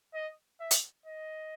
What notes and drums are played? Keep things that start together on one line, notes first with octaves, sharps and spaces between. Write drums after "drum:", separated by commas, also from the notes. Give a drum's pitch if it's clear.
D#5
E5
drum: hi-hat
D#5